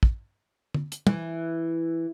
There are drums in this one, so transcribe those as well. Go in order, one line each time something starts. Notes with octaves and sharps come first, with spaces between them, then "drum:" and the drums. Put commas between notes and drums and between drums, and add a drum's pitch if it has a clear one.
drum: kick
drum: tom
drum: hi-hat
E3, drum: tom